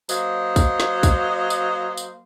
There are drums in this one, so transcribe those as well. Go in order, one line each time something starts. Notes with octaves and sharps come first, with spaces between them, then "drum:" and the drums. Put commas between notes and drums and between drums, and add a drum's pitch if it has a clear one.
F#3 A#3 C5 D#5, drum: tambourine
drum: kick, tambourine
drum: snare
drum: kick, tambourine
drum: tambourine
drum: tambourine